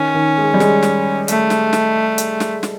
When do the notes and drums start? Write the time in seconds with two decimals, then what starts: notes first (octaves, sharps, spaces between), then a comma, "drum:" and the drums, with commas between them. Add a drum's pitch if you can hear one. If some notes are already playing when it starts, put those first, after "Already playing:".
Already playing: D#3 C#4
0.14 D#3
0.38 G#3
0.54 G3
0.60 G#3, drum: snare
0.83 drum: snare
1.28 A3, drum: hi-hat
1.50 drum: snare
1.73 drum: snare
2.18 drum: hi-hat
2.40 drum: snare
2.63 drum: snare